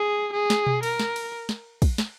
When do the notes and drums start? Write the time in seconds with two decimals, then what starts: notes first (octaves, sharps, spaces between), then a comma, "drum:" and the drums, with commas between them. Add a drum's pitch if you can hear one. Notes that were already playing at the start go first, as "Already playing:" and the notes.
Already playing: G#4
0.33 G#4
0.50 drum: snare
0.67 drum: tom B2
0.83 A#4, drum: cymbal
0.99 drum: snare
1.16 drum: cymbal
1.49 drum: snare
1.82 drum: kick, cymbal
1.98 drum: snare